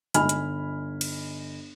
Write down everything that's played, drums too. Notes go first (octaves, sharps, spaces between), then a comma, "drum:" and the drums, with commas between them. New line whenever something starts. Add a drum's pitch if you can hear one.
G1 D#4 G#5 B5 F6, drum: hi-hat
drum: hi-hat
drum: cymbal